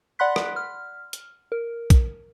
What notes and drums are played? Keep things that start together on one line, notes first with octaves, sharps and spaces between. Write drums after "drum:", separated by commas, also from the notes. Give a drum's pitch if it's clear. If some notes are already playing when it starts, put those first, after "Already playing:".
D5 F#5 B5 C6 F#6 B6
drum: rim click
F6
drum: hi-hat
A#4
drum: kick, hi-hat